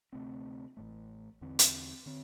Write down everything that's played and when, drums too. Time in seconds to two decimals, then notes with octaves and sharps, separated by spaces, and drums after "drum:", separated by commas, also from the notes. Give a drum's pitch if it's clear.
0.13 D2 C3 A3 C4
0.77 A1 A2 A3
1.41 E2 D3 C4
1.59 drum: hi-hat
2.06 D3 C4